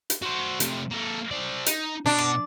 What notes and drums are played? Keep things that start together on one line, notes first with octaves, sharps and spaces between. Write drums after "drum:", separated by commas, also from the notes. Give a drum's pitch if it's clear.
drum: hi-hat
F#4 C5
C3 A3, drum: hi-hat
A#3 A4
C4 D5
D#4, drum: hi-hat
B2 D4
drum: rim click